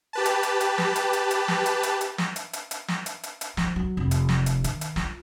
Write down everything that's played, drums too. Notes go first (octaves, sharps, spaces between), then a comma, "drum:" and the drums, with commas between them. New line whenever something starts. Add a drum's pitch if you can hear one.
G4 B4 A5
drum: hi-hat
drum: hi-hat
drum: hi-hat
drum: snare
drum: hi-hat
drum: hi-hat
drum: hi-hat
drum: snare
drum: hi-hat
drum: hi-hat
drum: hi-hat
drum: snare
drum: hi-hat
drum: hi-hat
drum: hi-hat
drum: snare
drum: hi-hat
drum: hi-hat
drum: hi-hat
F3, drum: snare
F#3
F1
drum: hi-hat
drum: snare
drum: hi-hat
D#3, drum: hi-hat
drum: hi-hat
F4, drum: snare